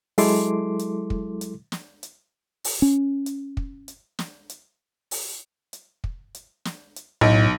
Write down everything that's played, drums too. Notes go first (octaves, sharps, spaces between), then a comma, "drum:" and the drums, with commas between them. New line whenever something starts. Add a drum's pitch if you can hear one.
F#3 G#3 E4 A4 C6 D6, drum: open hi-hat
drum: hi-hat
drum: kick
drum: hi-hat
drum: snare
drum: hi-hat
drum: open hi-hat
C#4
drum: hi-hat
drum: kick
drum: hi-hat
drum: snare
drum: hi-hat
drum: open hi-hat
drum: hi-hat
drum: kick
drum: hi-hat
drum: snare
drum: hi-hat
B1 A2